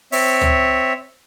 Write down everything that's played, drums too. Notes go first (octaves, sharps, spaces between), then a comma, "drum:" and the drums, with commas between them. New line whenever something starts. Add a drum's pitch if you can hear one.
C4 C#5 E5, drum: open hi-hat
drum: tom